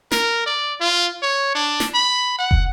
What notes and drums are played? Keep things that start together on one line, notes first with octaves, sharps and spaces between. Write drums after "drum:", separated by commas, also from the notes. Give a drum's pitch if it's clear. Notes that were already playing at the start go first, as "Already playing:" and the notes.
A#4, drum: snare
D5
F4
C#5
D4
drum: snare
B5
F#5
drum: kick